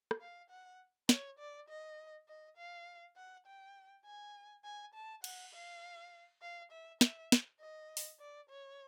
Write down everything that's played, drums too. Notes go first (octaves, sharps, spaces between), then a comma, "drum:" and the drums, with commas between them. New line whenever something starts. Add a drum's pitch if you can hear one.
drum: rim click
F5
F#5
C#5, drum: snare
D5
D#5
D#5
F5
F#5
G5
G#5
G#5
A5
F#5, drum: cymbal
F5
F5
E5
E5, drum: snare
drum: snare
D#5
drum: open hi-hat
D5
C#5